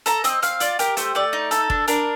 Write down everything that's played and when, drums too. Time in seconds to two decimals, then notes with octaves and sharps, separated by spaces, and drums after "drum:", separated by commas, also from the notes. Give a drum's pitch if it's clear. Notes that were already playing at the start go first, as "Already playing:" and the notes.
0.06 A4 A#5, drum: hi-hat
0.24 C4 D#5, drum: hi-hat
0.42 C4 F5, drum: hi-hat
0.60 F4 D5, drum: hi-hat
0.79 G4 A#4, drum: hi-hat
0.97 A3 C5, drum: hi-hat
1.15 A3 D5
1.33 D#4
1.51 A4, drum: hi-hat
1.70 D4, drum: kick
1.88 D4 A#4, drum: hi-hat